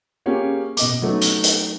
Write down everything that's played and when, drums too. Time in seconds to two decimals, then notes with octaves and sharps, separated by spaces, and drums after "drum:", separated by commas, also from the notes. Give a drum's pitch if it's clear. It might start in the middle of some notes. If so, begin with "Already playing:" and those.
0.26 A#3 C#4 F4 G4 G#4
0.77 B2 D#5 D6, drum: hi-hat
1.02 F#3 A3 B3 D#4
1.21 drum: hi-hat
1.43 drum: hi-hat